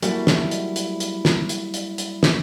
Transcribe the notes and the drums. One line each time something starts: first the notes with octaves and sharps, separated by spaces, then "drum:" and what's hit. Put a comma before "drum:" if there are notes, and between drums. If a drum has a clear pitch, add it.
F#3 G3 A3 A#3 E4 F#4, drum: hi-hat
drum: snare
drum: hi-hat
drum: hi-hat
drum: hi-hat
drum: snare
drum: hi-hat
drum: hi-hat
drum: hi-hat
drum: snare